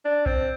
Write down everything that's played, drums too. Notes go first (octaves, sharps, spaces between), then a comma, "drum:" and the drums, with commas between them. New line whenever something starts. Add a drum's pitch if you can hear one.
D4
C4, drum: kick B1